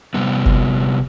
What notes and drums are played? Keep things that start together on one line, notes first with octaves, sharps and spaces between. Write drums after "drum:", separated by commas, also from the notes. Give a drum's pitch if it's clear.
C3 G3 B3
drum: kick F#1